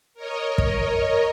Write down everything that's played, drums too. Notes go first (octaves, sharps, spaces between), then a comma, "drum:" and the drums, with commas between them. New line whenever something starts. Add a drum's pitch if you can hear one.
A#4 C#5 D#5
drum: kick